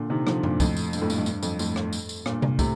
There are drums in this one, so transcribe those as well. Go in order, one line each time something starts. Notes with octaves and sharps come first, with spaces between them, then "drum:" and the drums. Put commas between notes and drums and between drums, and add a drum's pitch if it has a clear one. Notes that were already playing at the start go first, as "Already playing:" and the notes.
Already playing: A#2 D3
C3 D#3
D3 F3, drum: rim click
G2 A#2, drum: tom F#2
F2 A2, drum: kick, tambourine
drum: tambourine
G2, drum: tambourine
F2 A2
G2, drum: tambourine
F2
G2, drum: tambourine
F2, drum: tambourine
F2 A2, drum: tambourine
drum: rim click
drum: tambourine
drum: tambourine
G2 A#2, drum: rim click
drum: tom C3
A2 C3, drum: kick, tambourine